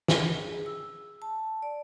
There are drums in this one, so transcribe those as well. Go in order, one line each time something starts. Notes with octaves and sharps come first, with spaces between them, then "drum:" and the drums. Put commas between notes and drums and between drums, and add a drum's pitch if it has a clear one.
G#4, drum: snare
E6
A5
D5